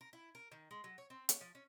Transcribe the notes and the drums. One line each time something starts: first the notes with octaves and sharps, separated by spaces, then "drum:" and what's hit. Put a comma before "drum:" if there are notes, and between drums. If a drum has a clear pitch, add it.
A#4
E4
A#4
D#3
G#3
F#3
C#5
C4
C#5, drum: hi-hat
F3
C#4